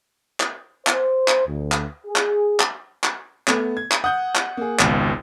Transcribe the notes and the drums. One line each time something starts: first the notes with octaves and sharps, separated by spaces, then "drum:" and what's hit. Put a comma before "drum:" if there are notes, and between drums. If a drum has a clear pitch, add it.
drum: clap
C5, drum: clap
drum: clap
D2
drum: clap
G#4
drum: clap
drum: clap
drum: clap
A3 B3, drum: clap
G#6
drum: clap
F#5 D#6 G6
drum: clap
A#3 G#4
G#1 C#2 B2, drum: clap